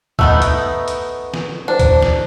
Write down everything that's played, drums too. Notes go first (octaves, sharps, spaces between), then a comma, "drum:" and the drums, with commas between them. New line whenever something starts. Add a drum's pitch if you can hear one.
A3 B3 D#4 D#5 E6, drum: kick C#2
drum: hi-hat
drum: hi-hat
drum: snare
D4 E4 C5
drum: kick C#2, hi-hat
drum: snare